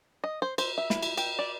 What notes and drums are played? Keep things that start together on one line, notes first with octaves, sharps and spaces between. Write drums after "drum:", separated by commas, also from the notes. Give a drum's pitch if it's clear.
D#5
C5
C5, drum: cymbal
E5
E4, drum: snare
drum: cymbal
G5, drum: cymbal
D5